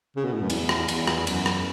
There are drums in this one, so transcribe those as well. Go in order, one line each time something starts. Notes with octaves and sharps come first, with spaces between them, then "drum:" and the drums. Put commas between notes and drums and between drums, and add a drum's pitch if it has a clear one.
C#3
B2
A2
F#2
E2, drum: cymbal
drum: rim click
E2, drum: cymbal
drum: rim click
F#2, drum: cymbal
drum: rim click